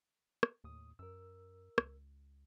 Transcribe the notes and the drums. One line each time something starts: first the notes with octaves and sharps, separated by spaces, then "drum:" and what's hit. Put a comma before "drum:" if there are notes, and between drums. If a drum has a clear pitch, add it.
drum: rim click
D#2 A2 D#6
F#2 A#4 E6
C#2, drum: rim click